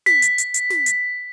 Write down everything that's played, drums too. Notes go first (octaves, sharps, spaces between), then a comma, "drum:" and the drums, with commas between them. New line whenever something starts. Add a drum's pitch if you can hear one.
B6, drum: snare
drum: hi-hat
drum: hi-hat
drum: hi-hat
drum: snare
drum: hi-hat